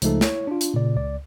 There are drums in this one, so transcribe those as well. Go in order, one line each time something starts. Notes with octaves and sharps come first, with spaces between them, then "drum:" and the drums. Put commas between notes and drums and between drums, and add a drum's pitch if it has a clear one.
C#2 F3 A3 D#4 A4, drum: hi-hat
E4 C#5, drum: snare
D4 F4
drum: hi-hat
A#2 C#3 D5
C#2 D5